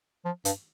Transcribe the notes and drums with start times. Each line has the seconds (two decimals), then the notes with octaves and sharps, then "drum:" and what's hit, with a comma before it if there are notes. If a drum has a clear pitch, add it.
0.25 F3
0.45 G2, drum: hi-hat